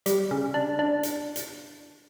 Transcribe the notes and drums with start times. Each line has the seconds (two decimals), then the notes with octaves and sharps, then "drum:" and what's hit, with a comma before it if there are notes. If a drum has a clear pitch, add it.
0.06 G3, drum: hi-hat
0.31 C#3
0.54 D4
0.79 D4
1.03 drum: hi-hat
1.36 drum: hi-hat